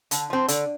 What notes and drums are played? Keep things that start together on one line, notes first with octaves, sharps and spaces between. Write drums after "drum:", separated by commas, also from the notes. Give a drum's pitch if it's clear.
D3, drum: hi-hat
F3 C4
D3, drum: hi-hat